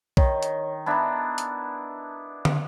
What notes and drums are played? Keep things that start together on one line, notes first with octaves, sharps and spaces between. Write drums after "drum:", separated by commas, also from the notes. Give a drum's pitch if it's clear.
D#3 C#5, drum: kick B1
drum: hi-hat
B3 D4 E4 A5 A#5
drum: hi-hat
drum: tom